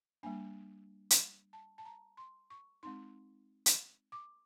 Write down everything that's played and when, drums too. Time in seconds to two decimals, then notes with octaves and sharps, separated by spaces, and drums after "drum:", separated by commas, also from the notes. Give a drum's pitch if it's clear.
0.23 G3 A#3 D4 G#5
1.10 drum: hi-hat
1.53 A5
1.78 A5
1.85 A#5
2.17 C6
2.50 C#6
2.83 G#3 C4 D#4 C6
3.66 drum: hi-hat
4.12 D6